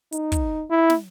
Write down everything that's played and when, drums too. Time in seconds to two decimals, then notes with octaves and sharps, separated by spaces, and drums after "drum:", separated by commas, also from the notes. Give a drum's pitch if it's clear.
0.12 D#4, drum: hi-hat
0.32 drum: kick, hi-hat
0.70 E4
0.90 drum: snare